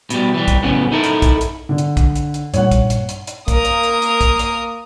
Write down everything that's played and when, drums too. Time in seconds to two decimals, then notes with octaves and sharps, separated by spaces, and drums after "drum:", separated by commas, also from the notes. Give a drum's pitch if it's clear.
0.10 B2 G3, drum: hi-hat
0.34 E3 G3
0.48 drum: kick, hi-hat
0.63 F#2 A2 C#3 B3 C#4
0.92 D#4 E4 A4 A#4
1.04 drum: hi-hat
1.22 drum: kick, hi-hat
1.41 drum: hi-hat
1.69 D3
1.78 drum: hi-hat
1.97 drum: kick, hi-hat
2.16 drum: hi-hat
2.34 drum: hi-hat
2.54 G2 A#2 C#5 F#5, drum: hi-hat
2.71 drum: kick, hi-hat
2.90 drum: hi-hat
3.09 drum: hi-hat
3.27 drum: hi-hat
3.48 A#3 A#4 D#6, drum: kick, hi-hat
3.65 drum: hi-hat
3.83 drum: hi-hat
4.02 drum: hi-hat
4.21 drum: kick, hi-hat
4.39 drum: hi-hat